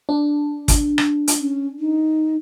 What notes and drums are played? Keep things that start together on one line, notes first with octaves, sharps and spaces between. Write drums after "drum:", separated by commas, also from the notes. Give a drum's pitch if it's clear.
D4
drum: kick, hi-hat
drum: rim click
drum: hi-hat
C#4
D#4